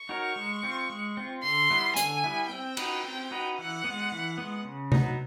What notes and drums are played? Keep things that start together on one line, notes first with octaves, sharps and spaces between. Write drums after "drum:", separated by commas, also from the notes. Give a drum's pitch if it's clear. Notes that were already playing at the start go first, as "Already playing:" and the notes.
Already playing: C#6
D#4 F#4 A#4 C#5
G#3
C4 F4
G#3
C4 F4
D3 C6
G3 B3 E4
D3 G#5, drum: hi-hat
G3 B3 E4
C4 G5
D#4 F#4 B4, drum: cymbal
C4
D#4 F#4 B4
E3 F#5
G#3 B3
E3
G#3 B3
C#3
F#3 B3 D#4, drum: tom C3